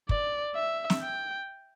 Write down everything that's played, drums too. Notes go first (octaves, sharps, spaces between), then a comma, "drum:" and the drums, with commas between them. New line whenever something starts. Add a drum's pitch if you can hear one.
D5, drum: kick
E5
drum: snare
G5